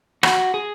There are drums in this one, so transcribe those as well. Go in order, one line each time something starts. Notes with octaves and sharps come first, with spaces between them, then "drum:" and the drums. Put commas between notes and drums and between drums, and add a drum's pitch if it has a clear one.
F#4, drum: rim click
G#4